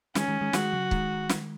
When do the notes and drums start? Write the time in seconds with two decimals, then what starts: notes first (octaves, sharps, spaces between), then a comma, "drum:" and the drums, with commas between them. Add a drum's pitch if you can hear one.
0.15 D#3 G#3 C#4, drum: snare
0.28 D#3 G#3
0.41 D#3 G#3
0.53 D#3 G#3 F#4, drum: snare
0.73 C#3 F#3
0.91 D#3 G#3, drum: kick
1.30 drum: snare